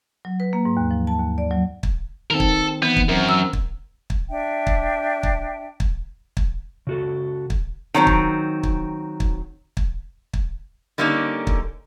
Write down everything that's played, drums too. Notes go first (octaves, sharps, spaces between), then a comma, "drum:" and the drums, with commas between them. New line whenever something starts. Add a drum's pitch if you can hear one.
F#3
B4
A#3
G#2
D#2
F3
A5
D#2
D5
F#3
drum: kick
D#3 C4 A4 A#4
drum: kick
E3 B3
drum: kick
F#2 C4 A#4
E6
drum: kick
drum: kick
D4 E5 G5
drum: kick
drum: kick
drum: kick
drum: kick
C#3 F#4 A4
drum: kick
D#3 F#3 C4
drum: kick
drum: kick
drum: kick
drum: kick
drum: kick
D3 G3 A#3 C#4 D#4
drum: kick